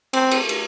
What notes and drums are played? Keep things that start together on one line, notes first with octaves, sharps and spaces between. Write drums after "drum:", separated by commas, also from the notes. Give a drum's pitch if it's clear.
C4, drum: cymbal
drum: cymbal
drum: cymbal